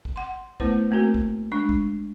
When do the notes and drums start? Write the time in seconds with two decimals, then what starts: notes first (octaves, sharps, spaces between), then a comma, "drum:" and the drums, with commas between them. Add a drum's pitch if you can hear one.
0.05 drum: kick
0.16 F#5 C6
0.60 A3 B3 E4 B4 C5, drum: kick
0.91 A3 A#3 C4 F#4 A#4
1.14 drum: kick
1.52 G#3 D4 C#6
1.69 drum: kick